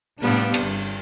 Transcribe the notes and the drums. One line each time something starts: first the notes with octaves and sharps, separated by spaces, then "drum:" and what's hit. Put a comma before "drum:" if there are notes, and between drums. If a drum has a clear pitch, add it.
A2 C3 G3 B3 D4 F4
G1, drum: cymbal